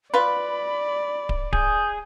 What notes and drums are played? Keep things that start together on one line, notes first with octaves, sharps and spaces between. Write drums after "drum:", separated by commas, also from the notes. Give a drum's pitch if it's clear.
F4 B4 D5 B5
drum: kick D1
G#4 G6, drum: kick D1